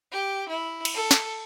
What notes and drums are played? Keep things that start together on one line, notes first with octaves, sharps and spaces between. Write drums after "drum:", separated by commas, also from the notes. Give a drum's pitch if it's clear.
G4
E4
drum: cymbal
A4
drum: snare